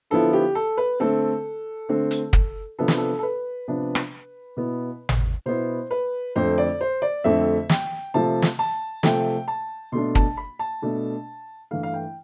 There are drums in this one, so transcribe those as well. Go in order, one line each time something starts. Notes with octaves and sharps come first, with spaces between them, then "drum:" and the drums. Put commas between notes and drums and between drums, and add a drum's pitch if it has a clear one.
D3 F3 B3 E4 A4
G4
A4
B4
D3 A3 C4 A4
D3 A3 C4
drum: hi-hat
drum: kick
C3 F3 B3 D4 A4
B4, drum: snare
A4
A4
B4
C3 F3 B3 D4
drum: rim click
B2 B3 E4
drum: tom G#1
B2 B3 E4 C5
B4
F2 D3 A3 C4 C5
D5
C5
D5
F2 D3 A3 C4 E5
G5, drum: snare
C3 F3 A3 A5
drum: snare
A5
C3 F3 A3 G5, drum: snare
A5
B2 A3 D4 C6
A5, drum: kick
B5
A5
B2 A3 D4
G2 E3 A3 F5
F5
G5